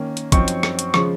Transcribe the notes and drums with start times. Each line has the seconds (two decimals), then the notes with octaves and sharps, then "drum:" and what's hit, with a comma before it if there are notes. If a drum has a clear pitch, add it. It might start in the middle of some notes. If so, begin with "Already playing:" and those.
Already playing: D#3 A#3 C#4
0.17 drum: hi-hat
0.32 F#2 F3 C4 D#4 C#6, drum: kick, hi-hat
0.48 drum: hi-hat
0.63 drum: rim click
0.79 drum: hi-hat
0.94 C#3 F3 G#3 C#6, drum: rim click